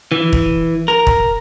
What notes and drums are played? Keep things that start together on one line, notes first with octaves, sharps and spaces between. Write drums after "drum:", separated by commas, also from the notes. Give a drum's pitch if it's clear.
E3
drum: kick
A#4
drum: kick